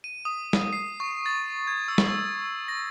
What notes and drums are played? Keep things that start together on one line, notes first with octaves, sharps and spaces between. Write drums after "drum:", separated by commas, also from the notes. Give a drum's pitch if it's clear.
D#7
D#6
drum: snare
C7
C#6
A6
G#6
E6
drum: snare
C#6
A#6